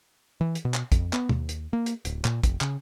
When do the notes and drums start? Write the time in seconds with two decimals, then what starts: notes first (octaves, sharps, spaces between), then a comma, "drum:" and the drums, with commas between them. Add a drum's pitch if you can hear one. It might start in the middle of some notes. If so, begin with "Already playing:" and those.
0.41 E3
0.55 drum: hi-hat
0.65 B2
0.74 drum: clap
0.92 F2, drum: kick, hi-hat
1.13 B3, drum: clap
1.29 D#2, drum: tom
1.49 drum: hi-hat
1.73 A#3
1.86 drum: hi-hat
2.05 D1, drum: hi-hat
2.25 A#2, drum: clap
2.44 F1, drum: kick, hi-hat
2.61 C#3, drum: clap